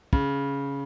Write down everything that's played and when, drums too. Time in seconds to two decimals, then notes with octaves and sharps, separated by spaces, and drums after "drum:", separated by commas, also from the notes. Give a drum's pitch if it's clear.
0.13 C#3, drum: kick